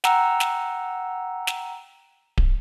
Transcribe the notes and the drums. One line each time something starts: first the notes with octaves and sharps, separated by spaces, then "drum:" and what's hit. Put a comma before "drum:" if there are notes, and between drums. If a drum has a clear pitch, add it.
F#5 G5 A#5 E6, drum: snare
drum: snare
drum: snare
drum: kick D1